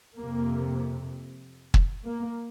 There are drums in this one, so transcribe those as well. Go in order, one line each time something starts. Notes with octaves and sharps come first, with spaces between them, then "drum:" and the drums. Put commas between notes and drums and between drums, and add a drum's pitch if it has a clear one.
F2 C3 A#3
drum: kick
A#3